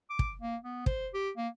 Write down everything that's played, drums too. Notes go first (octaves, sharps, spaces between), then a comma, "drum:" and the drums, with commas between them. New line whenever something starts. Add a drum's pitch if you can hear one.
D6
drum: kick
A#3
B3
C5, drum: kick
G4
A#3